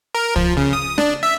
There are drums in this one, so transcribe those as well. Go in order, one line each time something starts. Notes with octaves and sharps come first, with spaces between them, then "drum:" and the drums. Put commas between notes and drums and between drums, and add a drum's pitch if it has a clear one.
A#4
F3, drum: kick
C#3
D#6
D4, drum: rim click
E5